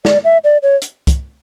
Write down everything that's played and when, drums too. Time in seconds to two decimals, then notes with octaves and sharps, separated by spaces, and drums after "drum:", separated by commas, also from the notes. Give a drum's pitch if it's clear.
0.05 D5, drum: snare
0.24 E5
0.44 D5
0.63 C#5
0.82 drum: hi-hat
1.07 drum: kick, hi-hat